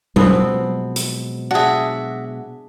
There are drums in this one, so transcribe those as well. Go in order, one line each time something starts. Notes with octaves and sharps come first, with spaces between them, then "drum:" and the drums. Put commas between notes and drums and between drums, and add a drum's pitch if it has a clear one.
B2 F3 F#3 G#3 B3 C4, drum: tom F#3
drum: hi-hat
D4 F#4 G#4 E5